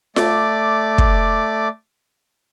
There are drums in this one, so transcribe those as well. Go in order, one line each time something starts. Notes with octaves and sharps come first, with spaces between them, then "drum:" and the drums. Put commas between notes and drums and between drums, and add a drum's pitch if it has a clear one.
A3 D5 D6, drum: snare F4
drum: kick